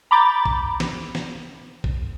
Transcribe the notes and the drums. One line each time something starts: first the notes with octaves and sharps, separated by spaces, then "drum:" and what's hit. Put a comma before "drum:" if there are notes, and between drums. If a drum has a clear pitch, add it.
A#5 B5 D6 G6 A6
drum: kick
drum: snare
drum: snare
drum: kick